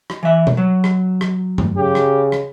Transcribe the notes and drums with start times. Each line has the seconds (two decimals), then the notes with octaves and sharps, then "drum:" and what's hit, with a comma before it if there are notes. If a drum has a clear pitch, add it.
0.10 drum: rim click
0.23 E3 E5
0.47 drum: tom
0.57 F#3
0.84 drum: rim click
1.21 drum: rim click
1.58 drum: tom G2
1.77 C#3 G4
1.95 drum: rim click
2.32 drum: rim click